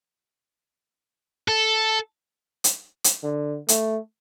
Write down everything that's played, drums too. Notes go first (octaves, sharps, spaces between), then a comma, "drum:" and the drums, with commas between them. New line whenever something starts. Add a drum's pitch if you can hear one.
A4
drum: hi-hat
drum: hi-hat
D3
A3, drum: hi-hat